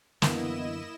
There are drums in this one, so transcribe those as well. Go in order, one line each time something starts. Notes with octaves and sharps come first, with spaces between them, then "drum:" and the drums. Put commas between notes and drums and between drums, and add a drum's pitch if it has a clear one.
F#2 D3 E3 A#3 B3 E4 D#5 E7, drum: snare